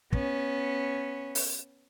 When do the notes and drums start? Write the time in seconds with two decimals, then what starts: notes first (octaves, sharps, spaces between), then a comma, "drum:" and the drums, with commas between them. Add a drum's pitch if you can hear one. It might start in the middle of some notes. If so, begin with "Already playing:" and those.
0.13 B3 C#4, drum: kick
1.35 drum: open hi-hat